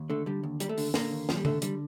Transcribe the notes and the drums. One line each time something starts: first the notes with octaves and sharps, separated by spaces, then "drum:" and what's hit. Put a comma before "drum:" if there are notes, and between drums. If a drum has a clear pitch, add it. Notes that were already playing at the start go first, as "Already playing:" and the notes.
Already playing: D#2
D3 A3
D3 G3
D#2
D#2 G3, drum: hi-hat
A3
D3, drum: open hi-hat
D3 A#3, drum: snare
D#2
D#2 F3, drum: snare
G3
D3 A3, drum: tom C#3
D3 G3, drum: hi-hat